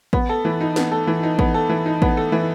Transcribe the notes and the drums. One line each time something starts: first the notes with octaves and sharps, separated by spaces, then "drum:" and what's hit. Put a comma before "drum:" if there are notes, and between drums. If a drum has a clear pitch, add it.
B3, drum: kick A1
A4
E3
D#4
B3, drum: snare
A4
E3
D#4
B3, drum: kick A1
A4
E3
D#4
B3, drum: kick A1
A4
E3